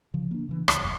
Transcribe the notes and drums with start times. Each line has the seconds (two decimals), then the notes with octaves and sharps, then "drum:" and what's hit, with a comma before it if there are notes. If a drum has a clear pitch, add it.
0.14 C#3 F3
0.31 A#3 D4
0.49 C#3 E3
0.68 C#2, drum: rim click
0.80 E1 F#2